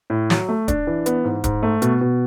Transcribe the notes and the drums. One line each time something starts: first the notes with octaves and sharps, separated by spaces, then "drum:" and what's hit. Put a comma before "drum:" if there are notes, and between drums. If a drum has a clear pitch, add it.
A2
F#3, drum: snare
A3
D4, drum: kick D1, hi-hat
E3
B3, drum: hi-hat
G#2
G#2, drum: kick D1, hi-hat
A3
B2, drum: hi-hat
B2